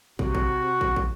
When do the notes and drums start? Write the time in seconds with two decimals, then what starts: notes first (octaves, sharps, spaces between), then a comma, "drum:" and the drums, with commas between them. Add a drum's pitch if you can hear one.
0.19 C3 F#4, drum: kick
0.35 drum: kick
0.81 drum: kick
0.96 drum: kick